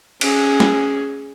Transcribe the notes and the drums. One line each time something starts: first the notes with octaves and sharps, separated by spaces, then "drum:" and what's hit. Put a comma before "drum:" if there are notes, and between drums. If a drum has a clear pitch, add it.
C#4 G#4, drum: cymbal
drum: snare